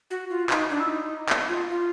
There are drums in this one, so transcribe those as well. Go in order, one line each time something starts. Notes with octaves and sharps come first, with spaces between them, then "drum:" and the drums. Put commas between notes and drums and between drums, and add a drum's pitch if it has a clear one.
F#4
F4
D#4, drum: clap
D4
E4
D#4
drum: clap
F4
F4